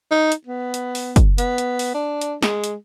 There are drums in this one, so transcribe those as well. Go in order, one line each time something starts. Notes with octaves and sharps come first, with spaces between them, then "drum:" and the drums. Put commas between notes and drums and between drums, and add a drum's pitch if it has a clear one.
D#4
drum: hi-hat
B3
drum: hi-hat
drum: open hi-hat
drum: kick, hi-hat
B3, drum: hi-hat
drum: hi-hat
drum: open hi-hat
D4
drum: hi-hat
G#3, drum: snare
drum: hi-hat